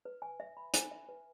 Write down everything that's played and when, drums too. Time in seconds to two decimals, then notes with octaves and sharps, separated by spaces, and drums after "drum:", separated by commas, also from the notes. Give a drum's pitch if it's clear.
0.05 B4
0.22 G#5
0.40 E5
0.57 B5
0.74 G#5, drum: hi-hat
0.91 E5
1.09 B4